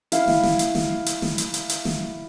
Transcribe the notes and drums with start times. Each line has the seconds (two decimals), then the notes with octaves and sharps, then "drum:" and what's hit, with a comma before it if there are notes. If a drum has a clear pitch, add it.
0.12 E4 F5, drum: hi-hat
0.28 drum: snare
0.43 drum: snare
0.59 drum: hi-hat
0.75 drum: snare
1.06 drum: hi-hat
1.22 drum: snare
1.38 drum: hi-hat
1.54 drum: hi-hat
1.69 drum: hi-hat
1.85 drum: snare